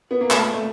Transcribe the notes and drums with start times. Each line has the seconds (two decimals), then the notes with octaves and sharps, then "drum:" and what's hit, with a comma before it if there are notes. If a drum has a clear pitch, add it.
0.11 B3
0.21 A#3
0.30 A3, drum: clap
0.53 A3